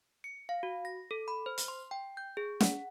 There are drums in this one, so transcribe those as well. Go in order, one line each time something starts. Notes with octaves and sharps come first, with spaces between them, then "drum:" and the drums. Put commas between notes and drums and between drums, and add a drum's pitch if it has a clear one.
C#7
F5
F#4
A#6
A4
B5
C5
drum: hi-hat
C6
G5
G6
G#4
F#5, drum: snare